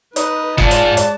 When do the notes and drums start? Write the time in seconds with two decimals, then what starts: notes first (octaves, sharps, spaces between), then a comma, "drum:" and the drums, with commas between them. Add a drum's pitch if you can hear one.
0.16 D#4 B4, drum: hi-hat
0.58 G#2 G#3 F4 D5 A5, drum: kick F#1
0.71 drum: hi-hat
0.97 drum: hi-hat